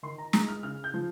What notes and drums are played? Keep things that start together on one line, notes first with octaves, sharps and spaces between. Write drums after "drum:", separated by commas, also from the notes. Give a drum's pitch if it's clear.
D#3 C6
A#5
G#3 A#5, drum: snare
F6
C#3 F6
G6
F3